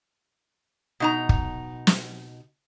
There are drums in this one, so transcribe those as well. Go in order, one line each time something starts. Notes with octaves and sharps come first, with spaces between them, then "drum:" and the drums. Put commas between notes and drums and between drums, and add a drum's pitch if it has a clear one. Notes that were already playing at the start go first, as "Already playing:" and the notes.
B2 D#4 A#5
drum: kick
drum: snare